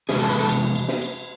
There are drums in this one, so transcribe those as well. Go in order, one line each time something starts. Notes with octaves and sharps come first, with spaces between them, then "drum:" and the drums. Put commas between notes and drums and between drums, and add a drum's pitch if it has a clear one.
E2 C3 G#3 G#4, drum: snare
A4
B4
A4
drum: cymbal
drum: cymbal
drum: snare
drum: cymbal